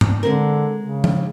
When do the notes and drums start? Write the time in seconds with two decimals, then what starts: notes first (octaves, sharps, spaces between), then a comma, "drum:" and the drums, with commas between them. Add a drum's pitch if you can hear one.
0.01 D4, drum: tom G#2
0.23 D3 G#3 C4 A#4
0.81 C#3
1.04 drum: tom F3